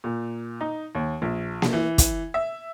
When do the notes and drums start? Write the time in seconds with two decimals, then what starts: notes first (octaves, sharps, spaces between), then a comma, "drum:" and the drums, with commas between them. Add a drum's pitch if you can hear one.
0.04 A#2
0.61 D#4
0.95 D#2
1.22 A#1
1.62 drum: snare A#3
1.73 E3
1.98 drum: kick, hi-hat
2.34 E5